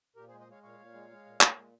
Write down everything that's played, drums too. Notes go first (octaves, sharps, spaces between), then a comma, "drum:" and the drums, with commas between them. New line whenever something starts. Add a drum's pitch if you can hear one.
A#2 G4 A#4
G#4 C5
G#3
C5 D#5
G#3 C#5 F5
A#2 C#5 F5
A#2
G#3
G#3
A#2
A#2, drum: clap
G#3